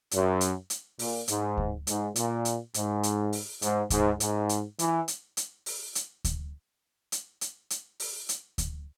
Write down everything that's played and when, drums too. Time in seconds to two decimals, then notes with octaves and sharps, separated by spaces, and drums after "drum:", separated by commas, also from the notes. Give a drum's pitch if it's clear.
0.11 F#2, drum: hi-hat
0.41 drum: hi-hat
0.70 drum: hi-hat
0.99 A#2, drum: open hi-hat
1.28 G#2, drum: hi-hat
1.57 drum: kick D2
1.87 G#2, drum: hi-hat
2.16 A#2, drum: hi-hat
2.45 drum: hi-hat
2.74 G#2, drum: hi-hat
3.03 drum: hi-hat
3.33 drum: open hi-hat
3.62 G#2, drum: hi-hat
3.90 G#2, drum: kick D2, hi-hat
4.20 G#2, drum: hi-hat
4.49 drum: hi-hat
4.79 E3, drum: hi-hat
5.08 drum: hi-hat
5.37 drum: hi-hat
5.66 drum: open hi-hat
5.95 drum: hi-hat
6.24 drum: kick D2, hi-hat
7.12 drum: hi-hat
7.41 drum: hi-hat
7.70 drum: hi-hat
8.00 drum: open hi-hat
8.29 drum: hi-hat
8.58 drum: kick D2, hi-hat